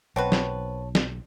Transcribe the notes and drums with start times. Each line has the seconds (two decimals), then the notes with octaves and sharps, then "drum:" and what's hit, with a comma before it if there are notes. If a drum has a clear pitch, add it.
0.16 B1 C4 F#4 B4 C#5 A5
0.32 drum: snare
0.95 drum: snare